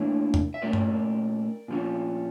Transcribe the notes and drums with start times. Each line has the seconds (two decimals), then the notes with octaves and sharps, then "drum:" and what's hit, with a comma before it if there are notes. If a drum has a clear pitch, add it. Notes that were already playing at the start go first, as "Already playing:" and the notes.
Already playing: A2 E3 A#3 D4 C#5 E5
0.34 drum: tom E2
0.54 E5
0.62 A#2 A3 C#4 A#4 D5
0.73 drum: tom G2
1.68 A#2 F3 C#4